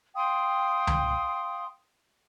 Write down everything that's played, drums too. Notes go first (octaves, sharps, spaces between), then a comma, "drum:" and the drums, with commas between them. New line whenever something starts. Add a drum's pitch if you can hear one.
F5 G5 C6 D#6
drum: tom C#2